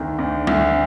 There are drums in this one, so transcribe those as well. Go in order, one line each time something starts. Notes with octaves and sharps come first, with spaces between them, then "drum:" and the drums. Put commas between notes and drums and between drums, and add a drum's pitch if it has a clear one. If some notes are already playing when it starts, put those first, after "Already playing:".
Already playing: D2 D#3
D2
D2, drum: tom G3